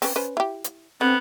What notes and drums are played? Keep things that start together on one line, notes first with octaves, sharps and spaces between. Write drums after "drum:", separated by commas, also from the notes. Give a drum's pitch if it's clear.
C4 C#4 B4, drum: open hi-hat
C#4 B4 C5
E4 G4
drum: hi-hat
D3 B3 C4